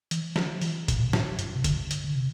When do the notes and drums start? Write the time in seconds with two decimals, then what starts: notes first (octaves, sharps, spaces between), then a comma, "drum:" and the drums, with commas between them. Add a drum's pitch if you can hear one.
0.11 E3, drum: hi-hat
0.36 F3, drum: snare
0.61 E3, drum: open hi-hat
0.88 B2, drum: kick F1, hi-hat
0.95 A2
1.03 B2
1.13 A2, drum: snare
1.39 G2, drum: hi-hat
1.55 C3
1.64 D3, drum: kick F1, hi-hat
1.91 drum: hi-hat
2.04 D3
2.15 C3